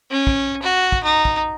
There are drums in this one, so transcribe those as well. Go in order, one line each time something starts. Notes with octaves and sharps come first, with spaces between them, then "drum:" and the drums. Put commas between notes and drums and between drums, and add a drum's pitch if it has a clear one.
C#4
drum: kick
F#4
drum: kick
D#4
drum: kick